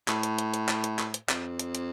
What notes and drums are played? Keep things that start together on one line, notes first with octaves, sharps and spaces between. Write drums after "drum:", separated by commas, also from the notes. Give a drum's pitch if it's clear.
A2, drum: clap
drum: hi-hat
drum: hi-hat
drum: hi-hat
drum: clap
drum: hi-hat
drum: clap
drum: hi-hat
F2, drum: clap
drum: hi-hat
drum: hi-hat